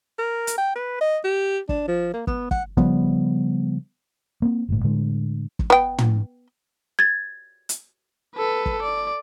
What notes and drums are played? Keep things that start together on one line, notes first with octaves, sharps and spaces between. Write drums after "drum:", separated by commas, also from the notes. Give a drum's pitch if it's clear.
A#4
drum: hi-hat
G5
B4
D#5
G4
D4, drum: kick
F3
A#3
B3, drum: kick
F#5, drum: kick
C#3 F3 G3 B3, drum: kick
A#3 C4
G1 A2
A2 D3 G#3
drum: kick
B3 G5
drum: tom
G#6 A6
drum: hi-hat
A4 B4
drum: kick
D5